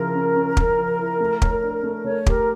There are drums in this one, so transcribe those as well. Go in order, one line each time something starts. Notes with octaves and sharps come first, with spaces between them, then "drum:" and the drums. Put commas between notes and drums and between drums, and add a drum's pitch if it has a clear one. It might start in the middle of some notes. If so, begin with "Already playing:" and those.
Already playing: C#3 F3 E4 A#4
C#4
C#4
C#4, drum: kick
F3
E4
A3
C#5, drum: kick
D4
A3
A3 C#5
G4 A#4, drum: kick